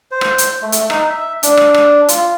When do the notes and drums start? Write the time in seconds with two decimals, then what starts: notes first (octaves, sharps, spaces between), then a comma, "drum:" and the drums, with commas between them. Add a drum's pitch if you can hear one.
0.11 C5
0.21 drum: rim click
0.38 drum: hi-hat
0.62 A3
0.72 drum: hi-hat
0.90 D#4, drum: rim click
1.09 E5
1.43 D4, drum: hi-hat
1.57 drum: rim click
1.74 drum: rim click
2.08 F4, drum: hi-hat